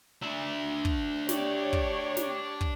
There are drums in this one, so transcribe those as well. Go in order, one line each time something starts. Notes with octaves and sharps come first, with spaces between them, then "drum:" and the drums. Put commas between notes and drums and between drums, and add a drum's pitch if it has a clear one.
D4 E5
drum: kick
G4 C#5 D5, drum: snare
drum: kick
drum: snare
drum: kick